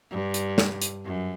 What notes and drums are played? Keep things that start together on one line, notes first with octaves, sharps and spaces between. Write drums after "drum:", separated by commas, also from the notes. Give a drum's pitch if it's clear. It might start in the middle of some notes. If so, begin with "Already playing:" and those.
G2
drum: hi-hat
drum: snare
drum: hi-hat
F#2